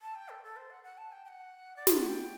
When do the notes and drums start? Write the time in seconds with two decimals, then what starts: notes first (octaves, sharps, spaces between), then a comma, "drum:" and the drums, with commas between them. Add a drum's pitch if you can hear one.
0.02 A5
0.15 G5
0.29 A4
0.43 A4
0.56 C5
0.70 F#5
0.83 F#5
0.98 A5
1.12 G5
1.25 G5
1.28 F#5
1.76 D5
1.87 D#5, drum: snare
1.96 F#5
2.08 G5